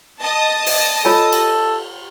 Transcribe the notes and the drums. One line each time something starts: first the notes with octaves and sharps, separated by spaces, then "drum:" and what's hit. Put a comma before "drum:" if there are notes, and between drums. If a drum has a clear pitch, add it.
D#5 A5 D#6
drum: open hi-hat
F4 A4 C#5 G#5
drum: cymbal